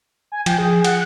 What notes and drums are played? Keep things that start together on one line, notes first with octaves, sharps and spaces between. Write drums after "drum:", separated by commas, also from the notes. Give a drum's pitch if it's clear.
G#5
F3 G5, drum: cymbal
G#4
F#5, drum: cymbal